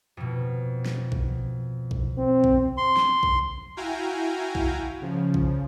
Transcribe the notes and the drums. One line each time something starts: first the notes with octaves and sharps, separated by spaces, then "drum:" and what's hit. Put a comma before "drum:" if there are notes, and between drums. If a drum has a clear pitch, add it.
F2 B2
drum: snare
drum: kick A#1
drum: kick A#1
C4
drum: kick A#1
C6
drum: snare
drum: kick A#1
E4 F#4 F5 G5 G#5 A#5
drum: kick A#1
C#3 F3
drum: kick A#1